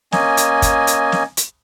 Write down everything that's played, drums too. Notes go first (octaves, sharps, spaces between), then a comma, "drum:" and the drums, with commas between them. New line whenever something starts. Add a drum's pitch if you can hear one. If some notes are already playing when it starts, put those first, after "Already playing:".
A#3 C#4 D#5 G#5, drum: snare
drum: hi-hat
drum: kick, hi-hat
drum: hi-hat
drum: snare
drum: hi-hat